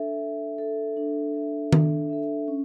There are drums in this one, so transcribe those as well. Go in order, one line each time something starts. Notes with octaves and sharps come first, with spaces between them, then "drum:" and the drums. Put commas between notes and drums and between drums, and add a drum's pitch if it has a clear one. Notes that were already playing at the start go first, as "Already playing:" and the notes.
Already playing: D4 A4 E5
D4
A4 E5
D4
A4 E5
D4, drum: tom D#3
A4 E5
C#4